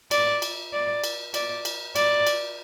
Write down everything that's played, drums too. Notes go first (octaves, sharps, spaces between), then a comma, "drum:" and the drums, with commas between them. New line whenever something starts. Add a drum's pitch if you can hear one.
D5, drum: cymbal
drum: cymbal
D5
drum: cymbal
D5, drum: cymbal
drum: cymbal
D5, drum: cymbal
drum: cymbal